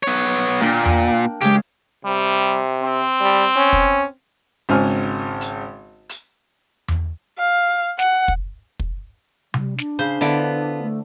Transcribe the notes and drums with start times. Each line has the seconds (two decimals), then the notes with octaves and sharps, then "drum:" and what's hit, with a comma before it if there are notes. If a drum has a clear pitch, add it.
0.03 B3 C#5
0.61 A#2 A#3 D4 G5
0.85 drum: tom E2
1.42 C#3 G#3 G4, drum: hi-hat
2.05 C3 G3
2.83 C4
3.20 G3
3.56 C#4
3.73 drum: kick
4.69 G#1 G#2 C#3 C5 G#5 F6
5.41 drum: hi-hat
6.09 drum: hi-hat
6.88 drum: tom E2
7.39 F5
7.99 F#5, drum: snare
8.28 drum: kick
8.80 drum: kick
9.54 G3, drum: tom C3
9.78 D4, drum: snare
9.99 C#3 C5
10.21 D3 B3 E4 F4 D5
10.83 A3